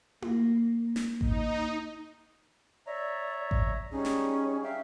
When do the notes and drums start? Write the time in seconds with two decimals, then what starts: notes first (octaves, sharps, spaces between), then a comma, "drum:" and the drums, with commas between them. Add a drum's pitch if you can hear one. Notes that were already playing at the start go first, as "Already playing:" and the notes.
0.22 A#3, drum: tom E4
0.79 A#3
0.96 drum: snare
1.21 D#4, drum: kick A1
2.87 C#5 D5 E5 A#5
3.51 drum: kick A1
3.92 G3 C#4 D#4 G#4
4.05 drum: snare
4.63 E5 F5 G5